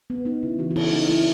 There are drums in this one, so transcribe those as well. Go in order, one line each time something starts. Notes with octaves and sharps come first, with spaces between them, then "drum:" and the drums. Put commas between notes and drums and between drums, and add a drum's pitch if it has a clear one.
B3
B3 D#4
C#3 E4
E3 F#4
F#4
C#3 E4, drum: cymbal
A#3 D#4
A#3 E4